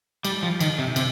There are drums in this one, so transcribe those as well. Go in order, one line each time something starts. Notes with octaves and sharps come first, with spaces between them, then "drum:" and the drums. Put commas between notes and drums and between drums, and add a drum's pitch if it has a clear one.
G3, drum: cymbal
F3
D#3, drum: cymbal
C3
C3, drum: cymbal